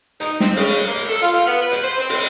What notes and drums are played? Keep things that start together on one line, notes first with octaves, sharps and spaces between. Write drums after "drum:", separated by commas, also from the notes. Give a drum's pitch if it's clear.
D#4, drum: hi-hat
C4, drum: snare
C#3, drum: open hi-hat
drum: hi-hat
A#3
drum: hi-hat
A4
F4
drum: hi-hat
B3
B4
drum: hi-hat
C5
C4
drum: open hi-hat